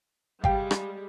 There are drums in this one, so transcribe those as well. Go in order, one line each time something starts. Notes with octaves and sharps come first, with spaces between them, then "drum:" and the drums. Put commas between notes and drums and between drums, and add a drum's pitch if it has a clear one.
G3 G#3 F5 G5, drum: kick G#1
drum: rim click